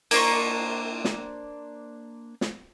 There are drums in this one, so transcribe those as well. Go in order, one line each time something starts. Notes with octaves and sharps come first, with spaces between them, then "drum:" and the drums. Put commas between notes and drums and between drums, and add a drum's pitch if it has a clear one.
A#3 D4 C5 C#6, drum: cymbal
drum: snare
drum: snare